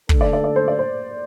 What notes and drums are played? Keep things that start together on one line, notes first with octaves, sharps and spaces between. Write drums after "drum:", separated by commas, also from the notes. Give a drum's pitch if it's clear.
D2 D3 A3 D4 A4, drum: kick
D5
D5
D5
C5
D5
C5